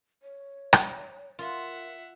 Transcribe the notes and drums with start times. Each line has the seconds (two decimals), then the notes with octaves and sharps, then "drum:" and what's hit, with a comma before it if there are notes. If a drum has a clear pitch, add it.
0.23 C#5
0.73 drum: rim click
1.39 F4 A#4 E5 F#5